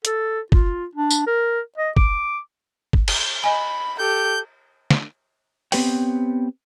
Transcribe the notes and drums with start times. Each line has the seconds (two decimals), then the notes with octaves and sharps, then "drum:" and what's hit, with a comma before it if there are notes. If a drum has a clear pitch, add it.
0.05 A4, drum: hi-hat
0.52 F4, drum: kick
0.95 D4
1.11 drum: tambourine
1.27 A#4
1.78 D#5
1.97 D6, drum: kick
2.93 drum: kick
3.08 drum: cymbal
3.44 D#5 G#5 B5
3.99 G4 A4 G6
4.91 drum: snare
5.72 B3 C4 G4 B4 C#5 G5, drum: open hi-hat